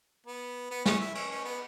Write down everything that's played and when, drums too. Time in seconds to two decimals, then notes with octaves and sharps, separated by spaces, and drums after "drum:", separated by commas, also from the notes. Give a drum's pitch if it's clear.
0.27 B3
0.71 B3
0.86 C#4, drum: snare
1.00 E4
1.15 C#4, drum: cymbal
1.30 C#4
1.45 B3